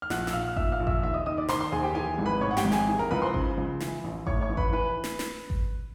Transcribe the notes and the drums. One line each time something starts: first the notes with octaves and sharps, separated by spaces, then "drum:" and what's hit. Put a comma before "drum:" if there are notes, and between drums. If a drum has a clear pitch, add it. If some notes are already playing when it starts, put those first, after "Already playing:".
F6
A#1 F#5 F#6, drum: snare
E6, drum: snare
A#2 F5 F6
F6
A#2 E5 E6, drum: kick G#1
F5 F6
A#1
E5 E6, drum: kick G#1
D#2 E5 E6
D#5 D#6
D#3 D#5 D#6
D5 D6
D#3 C5 C6, drum: snare
C5 C6
D#2 G#4 G#5
G4 G5
E3 G#4 G#5
G#1
B4 B5
G#2 C#5 C#6
F#5
G4 G5, drum: snare
G#1
G#4 G#5, drum: snare
E3
A#4 A#5
C#2 B4 B5
C5 C6
C#3, drum: kick G#1
C#2
E3, drum: snare
A1
A2 C#5 C#6, drum: kick G#1
C#5 C#6
A1
B4 B5, drum: kick G#1
E3 B4 B5
drum: snare
drum: snare
drum: kick G#1